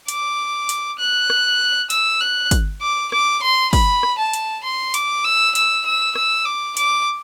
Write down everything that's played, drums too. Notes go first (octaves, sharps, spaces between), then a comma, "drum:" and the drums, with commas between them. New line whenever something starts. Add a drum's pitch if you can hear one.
D6, drum: hi-hat
drum: hi-hat
F#6
drum: rim click
E6, drum: hi-hat
F#6
drum: kick, hi-hat
D6
D6, drum: rim click
C6
B5, drum: kick, open hi-hat
drum: rim click
A5
drum: hi-hat
C6
D6, drum: hi-hat
E6
E6, drum: hi-hat
E6
E6, drum: rim click
D6
D6, drum: hi-hat